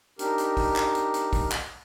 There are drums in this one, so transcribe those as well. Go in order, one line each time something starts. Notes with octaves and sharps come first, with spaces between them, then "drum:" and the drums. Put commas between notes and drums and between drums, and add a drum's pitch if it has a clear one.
D4 D#4 G4 A#4, drum: hi-hat
drum: hi-hat
drum: kick, open hi-hat
drum: clap
drum: hi-hat
drum: hi-hat
drum: kick, open hi-hat
drum: clap